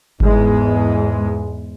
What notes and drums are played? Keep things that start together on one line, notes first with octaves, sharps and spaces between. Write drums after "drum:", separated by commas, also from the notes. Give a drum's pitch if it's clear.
E2 G#2 G#3, drum: kick G1